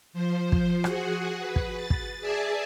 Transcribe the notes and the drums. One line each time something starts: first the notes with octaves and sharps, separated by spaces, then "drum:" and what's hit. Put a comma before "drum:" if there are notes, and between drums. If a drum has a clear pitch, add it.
F3 C5
drum: kick
F#4 G#4 F#5, drum: rim click
B4
drum: kick
A6
drum: kick
G#4 D5 E5 G#5 A5